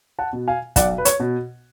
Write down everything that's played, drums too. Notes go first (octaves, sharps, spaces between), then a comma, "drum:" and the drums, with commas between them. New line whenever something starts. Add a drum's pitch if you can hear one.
F#5 A5
B2
F5 G#5
B1 D5 F#5, drum: kick, hi-hat
B4
C#5, drum: hi-hat
B2